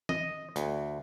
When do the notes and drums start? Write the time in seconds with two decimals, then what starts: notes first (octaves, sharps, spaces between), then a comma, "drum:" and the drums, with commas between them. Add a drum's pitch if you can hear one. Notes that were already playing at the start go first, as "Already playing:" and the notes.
0.09 D#5, drum: tom
0.56 D2, drum: hi-hat